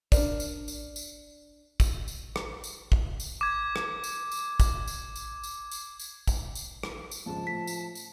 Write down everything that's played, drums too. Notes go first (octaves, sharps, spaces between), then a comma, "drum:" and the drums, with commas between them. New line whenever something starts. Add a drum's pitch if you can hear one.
D4 A#4 D5, drum: kick, tambourine
drum: tambourine
drum: tambourine
drum: tambourine
drum: kick, tambourine
drum: tambourine
drum: rim click
drum: tambourine
drum: kick
drum: tambourine
D6 G#6
drum: rim click
drum: tambourine
drum: tambourine
drum: kick, tambourine
drum: tambourine
drum: tambourine
drum: tambourine
drum: tambourine
drum: tambourine
drum: kick, tambourine
drum: tambourine
drum: rim click
drum: tambourine
G#1 C#2 F3 A5
A2 B6
drum: tambourine
drum: tambourine